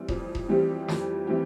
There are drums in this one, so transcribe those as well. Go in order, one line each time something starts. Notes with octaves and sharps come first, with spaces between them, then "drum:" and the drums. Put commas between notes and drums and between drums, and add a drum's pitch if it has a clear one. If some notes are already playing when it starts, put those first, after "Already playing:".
Already playing: E3 G3 C4
F2, drum: kick E1
drum: kick E1
E3 G3 C4 G4
F2, drum: snare
E3 G3 C4 G4